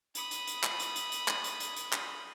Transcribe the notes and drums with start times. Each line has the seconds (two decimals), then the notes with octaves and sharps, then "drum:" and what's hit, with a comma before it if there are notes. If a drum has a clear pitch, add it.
0.15 B5 D#6, drum: hi-hat
0.31 drum: hi-hat
0.47 drum: hi-hat
0.63 drum: clap
0.80 drum: hi-hat
0.96 drum: hi-hat
1.12 drum: hi-hat
1.28 drum: clap
1.44 drum: hi-hat
1.60 drum: hi-hat
1.76 drum: hi-hat
1.93 drum: clap